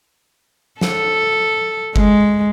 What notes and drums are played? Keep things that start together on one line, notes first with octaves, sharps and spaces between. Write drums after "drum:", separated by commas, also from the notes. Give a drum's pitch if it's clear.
A4, drum: snare
G#3, drum: kick G1